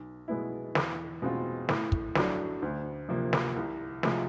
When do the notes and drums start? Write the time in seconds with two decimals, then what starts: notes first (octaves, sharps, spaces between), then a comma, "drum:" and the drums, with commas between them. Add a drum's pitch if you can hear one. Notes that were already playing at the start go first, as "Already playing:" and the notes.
Already playing: B1
0.28 B2 G#3 B3 E4
0.75 E2, drum: snare
1.22 B2 G#3 C4 F4
1.69 A2, drum: snare
1.92 drum: kick
2.15 F#3 A3 D4, drum: snare
2.62 D2
3.09 C3 F3 A#3
3.33 drum: snare
3.56 C2
4.03 C3 F3 G#3, drum: snare